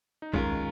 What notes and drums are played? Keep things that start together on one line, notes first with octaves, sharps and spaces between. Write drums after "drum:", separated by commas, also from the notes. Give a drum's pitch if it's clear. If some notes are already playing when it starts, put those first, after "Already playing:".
D#4
D#3 G#3 C#4 F4 A#4, drum: kick B1